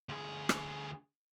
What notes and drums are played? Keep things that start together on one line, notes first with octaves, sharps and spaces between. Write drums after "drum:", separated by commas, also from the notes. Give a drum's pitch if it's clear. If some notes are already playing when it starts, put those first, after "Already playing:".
D2 G#4
drum: rim click